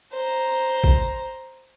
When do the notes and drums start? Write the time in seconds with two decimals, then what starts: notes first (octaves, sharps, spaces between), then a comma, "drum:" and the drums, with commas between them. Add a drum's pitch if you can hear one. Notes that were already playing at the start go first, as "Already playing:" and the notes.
0.13 C5 A#5
0.84 drum: kick